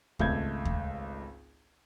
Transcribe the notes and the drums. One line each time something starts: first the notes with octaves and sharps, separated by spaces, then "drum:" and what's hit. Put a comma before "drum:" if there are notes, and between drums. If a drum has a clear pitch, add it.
G#1 C#2 A3 G6 G#6, drum: kick D#2
drum: kick D#2